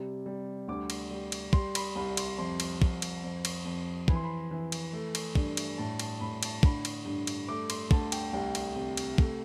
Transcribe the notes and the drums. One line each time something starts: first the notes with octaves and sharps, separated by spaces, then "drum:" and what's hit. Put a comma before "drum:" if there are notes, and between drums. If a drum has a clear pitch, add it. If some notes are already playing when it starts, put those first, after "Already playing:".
Already playing: C3 G3
G3
D2 D6
drum: cymbal
G3
drum: cymbal
G3 C6, drum: kick
B5, drum: cymbal
C2 B5
C6, drum: cymbal
F2 C6
drum: cymbal
F2, drum: kick
drum: cymbal
F2
drum: cymbal
F2
E3 B5, drum: kick
C6
B5
E3
drum: cymbal
A3
drum: cymbal
G2, drum: kick
drum: cymbal
A2 A5
A5, drum: cymbal
A2 B5
A5, drum: cymbal
D3 B5, drum: kick
drum: cymbal
G2
drum: cymbal
A3 D6
C6, drum: cymbal
D2 A5, drum: kick
G5, drum: cymbal
C2 G5
drum: cymbal
C3
drum: cymbal
A3, drum: kick